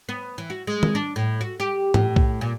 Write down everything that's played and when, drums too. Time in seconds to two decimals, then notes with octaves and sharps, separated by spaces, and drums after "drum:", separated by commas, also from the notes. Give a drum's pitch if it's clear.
0.09 B3
0.38 E3
0.50 F#4
0.67 G#3
0.83 drum: tom D#3
0.95 D4
1.16 A2
1.41 F#4
1.60 G4
1.94 A2, drum: tom G#2
2.16 drum: kick B1
2.41 A#2